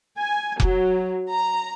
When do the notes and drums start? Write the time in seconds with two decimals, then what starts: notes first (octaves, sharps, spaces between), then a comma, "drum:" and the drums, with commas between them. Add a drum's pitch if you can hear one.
0.19 G#5
0.60 F#3, drum: kick F1
1.31 A#5